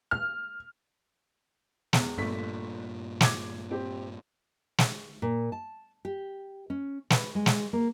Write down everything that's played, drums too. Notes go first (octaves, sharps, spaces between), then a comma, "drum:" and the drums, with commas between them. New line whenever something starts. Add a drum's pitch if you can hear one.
F6
E2, drum: snare
G1 G2 A#2 A3 B6
D6 G#6, drum: snare
C4 G4
drum: snare
A#2
A5
G4
C#4
B4, drum: snare
G#3
drum: snare
A#3